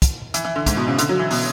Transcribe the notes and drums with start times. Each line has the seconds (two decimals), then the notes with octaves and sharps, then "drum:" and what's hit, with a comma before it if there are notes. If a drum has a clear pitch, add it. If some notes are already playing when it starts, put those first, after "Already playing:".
0.02 drum: kick, hi-hat
0.34 E3, drum: hi-hat
0.45 E3
0.56 D3
0.66 G#2, drum: kick, hi-hat
0.77 B2
0.88 C#3
0.98 D3, drum: hi-hat
1.09 F#3
1.19 E3
1.31 B2, drum: open hi-hat